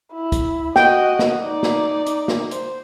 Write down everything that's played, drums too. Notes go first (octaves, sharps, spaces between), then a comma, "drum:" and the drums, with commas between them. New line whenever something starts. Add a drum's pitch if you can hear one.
E4
drum: kick, hi-hat
F#4 D#5 G5, drum: snare
drum: snare
D#4 D5
drum: snare
drum: hi-hat
drum: snare
C5, drum: hi-hat